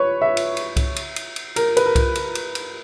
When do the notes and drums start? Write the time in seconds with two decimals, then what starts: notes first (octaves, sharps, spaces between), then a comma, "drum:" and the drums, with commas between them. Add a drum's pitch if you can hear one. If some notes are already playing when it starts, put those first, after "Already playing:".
Already playing: B4 C#5
0.22 E5
0.37 drum: cymbal
0.57 drum: cymbal
0.77 drum: kick C2, cymbal
0.96 drum: cymbal
1.16 drum: cymbal
1.36 drum: cymbal
1.56 A#4, drum: cymbal
1.77 B4, drum: cymbal
1.86 A#4
1.96 drum: kick C2, cymbal
2.15 drum: cymbal
2.35 drum: cymbal
2.55 drum: cymbal